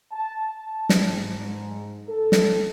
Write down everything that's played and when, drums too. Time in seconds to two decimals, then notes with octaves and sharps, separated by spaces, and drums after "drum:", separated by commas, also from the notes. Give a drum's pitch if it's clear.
0.12 A5
0.45 A5
0.89 drum: snare
1.08 G#2
2.08 A4
2.32 drum: snare